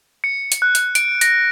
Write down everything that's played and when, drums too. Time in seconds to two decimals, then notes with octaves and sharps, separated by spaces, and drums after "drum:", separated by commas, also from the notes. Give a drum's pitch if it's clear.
0.24 C#7
0.52 drum: hi-hat
0.62 F#6
0.75 drum: hi-hat
0.95 D7, drum: hi-hat
1.21 A#6, drum: hi-hat